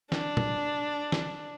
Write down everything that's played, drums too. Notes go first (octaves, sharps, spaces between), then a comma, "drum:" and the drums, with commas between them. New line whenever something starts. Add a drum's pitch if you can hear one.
D4, drum: snare
drum: tom A#2
drum: snare